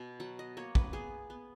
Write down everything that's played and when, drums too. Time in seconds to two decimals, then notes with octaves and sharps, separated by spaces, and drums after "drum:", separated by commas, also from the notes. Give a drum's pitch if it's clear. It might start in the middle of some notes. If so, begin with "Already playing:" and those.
Already playing: B2
0.20 F#3 F#5
0.39 D#5
0.57 A#3 C#5
0.75 B4, drum: kick
0.93 B3 G#4
1.30 B3